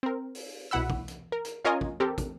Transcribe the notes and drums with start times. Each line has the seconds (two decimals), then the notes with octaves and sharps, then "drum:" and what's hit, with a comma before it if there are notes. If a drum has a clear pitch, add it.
0.03 C4 A#4
0.35 drum: open hi-hat
0.71 C2 B2 E4 F#5 B5 E6
0.90 drum: kick
1.08 drum: hi-hat
1.32 A#4
1.45 drum: hi-hat
1.65 C#4 F4 A#4 C#5 D#5 G#5
1.81 drum: kick
2.00 C4 G4 A4 A#4
2.18 drum: kick, hi-hat